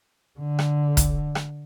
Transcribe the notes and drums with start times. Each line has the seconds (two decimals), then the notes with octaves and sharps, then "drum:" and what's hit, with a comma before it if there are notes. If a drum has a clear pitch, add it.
0.40 D3
0.59 drum: rim click
0.97 drum: kick, hi-hat
1.35 drum: rim click